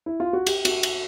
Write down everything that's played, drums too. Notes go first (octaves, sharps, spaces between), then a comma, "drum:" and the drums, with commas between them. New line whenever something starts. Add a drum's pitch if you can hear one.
E4
F4
F#4
G4, drum: cymbal
F#4, drum: cymbal
drum: cymbal